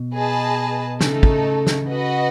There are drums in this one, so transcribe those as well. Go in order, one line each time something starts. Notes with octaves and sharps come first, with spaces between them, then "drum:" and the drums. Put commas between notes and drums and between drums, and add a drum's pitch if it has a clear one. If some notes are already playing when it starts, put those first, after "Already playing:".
Already playing: B2
G#4 B4 D#5 A5
C#3 A3 D#4 A4, drum: snare
drum: kick
drum: snare
F#4 B4 D#5